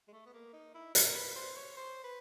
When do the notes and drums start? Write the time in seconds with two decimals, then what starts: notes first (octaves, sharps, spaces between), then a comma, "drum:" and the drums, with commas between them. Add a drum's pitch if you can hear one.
0.08 G#3
0.13 A3
0.26 B3
0.33 A#3
0.53 D#4
0.74 E4
0.95 A#4, drum: hi-hat
1.15 B4
1.36 C5
1.57 C#5
1.77 C5
2.04 B4